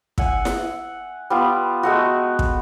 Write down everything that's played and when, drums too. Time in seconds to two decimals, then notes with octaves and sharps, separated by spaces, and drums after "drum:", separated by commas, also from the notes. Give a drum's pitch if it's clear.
0.18 E5 F#5 G#5, drum: kick
0.45 drum: snare E4
1.30 G3 B3 F4
1.83 G#3 A3 F#4
2.39 drum: kick